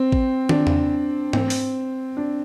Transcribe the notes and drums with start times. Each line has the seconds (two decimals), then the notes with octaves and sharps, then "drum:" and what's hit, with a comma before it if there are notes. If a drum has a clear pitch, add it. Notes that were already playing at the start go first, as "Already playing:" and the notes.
Already playing: C4
0.12 drum: kick A1
0.49 D4, drum: tom
0.67 drum: tom E2
1.33 C4, drum: tom
1.50 drum: open hi-hat
2.17 D4